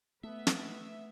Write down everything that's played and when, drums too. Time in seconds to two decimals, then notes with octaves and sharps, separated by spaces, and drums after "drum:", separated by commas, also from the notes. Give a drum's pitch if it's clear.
0.23 A3 B3 E5
0.47 drum: snare